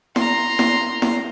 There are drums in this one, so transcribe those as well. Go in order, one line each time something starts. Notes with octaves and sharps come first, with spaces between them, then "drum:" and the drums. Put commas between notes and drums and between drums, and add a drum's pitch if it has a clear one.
A#5 C6, drum: snare E4
drum: snare E4
drum: snare E4